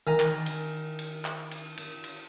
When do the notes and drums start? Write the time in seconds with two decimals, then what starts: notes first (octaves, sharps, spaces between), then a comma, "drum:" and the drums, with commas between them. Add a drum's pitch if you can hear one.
0.07 D#3 G#5 A#5
0.20 drum: clap
0.46 drum: cymbal
0.99 drum: cymbal
1.25 drum: clap
1.51 drum: cymbal
1.77 drum: cymbal
2.04 drum: cymbal